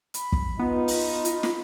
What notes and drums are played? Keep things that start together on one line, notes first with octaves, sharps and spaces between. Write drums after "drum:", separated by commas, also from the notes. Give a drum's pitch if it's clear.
B5, drum: hi-hat
drum: kick
B3 D#4 F4
drum: open hi-hat
drum: hi-hat
drum: snare